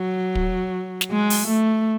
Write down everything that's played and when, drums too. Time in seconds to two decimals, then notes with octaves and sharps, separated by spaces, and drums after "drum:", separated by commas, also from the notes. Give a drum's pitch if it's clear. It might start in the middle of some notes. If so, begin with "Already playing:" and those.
Already playing: F#3
0.35 drum: kick
1.01 drum: snare
1.11 G#3
1.30 drum: open hi-hat
1.48 A3